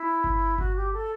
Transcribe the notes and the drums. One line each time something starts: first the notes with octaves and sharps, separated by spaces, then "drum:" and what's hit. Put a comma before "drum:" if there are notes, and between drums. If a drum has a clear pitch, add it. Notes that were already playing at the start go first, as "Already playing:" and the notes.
Already playing: E4
drum: kick G1
F#4, drum: kick G1
G4
A4